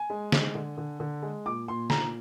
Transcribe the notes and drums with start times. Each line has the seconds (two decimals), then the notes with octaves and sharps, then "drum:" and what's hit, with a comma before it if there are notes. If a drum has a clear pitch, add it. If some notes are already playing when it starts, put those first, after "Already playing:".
Already playing: G#5
0.10 G#3
0.32 G#3, drum: snare
0.55 D3
0.78 D3
1.00 D3
1.23 G#3
1.46 A#2 D6
1.68 A#2 C6
1.90 A#2 A#5, drum: snare